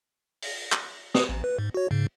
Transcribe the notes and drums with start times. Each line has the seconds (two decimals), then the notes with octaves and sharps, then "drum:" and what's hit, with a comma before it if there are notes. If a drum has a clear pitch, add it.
0.42 drum: open hi-hat
0.72 drum: clap
1.14 B4 D#6, drum: snare
1.29 A1
1.44 B4
1.59 G#2
1.74 F#4 C#5
1.91 G#2 C#3